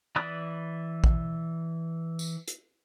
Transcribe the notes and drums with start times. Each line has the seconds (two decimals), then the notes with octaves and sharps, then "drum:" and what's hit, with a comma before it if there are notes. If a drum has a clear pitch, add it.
0.16 E3 D5 B5 D#6 F#6
1.04 drum: kick
2.19 drum: tambourine
2.48 drum: hi-hat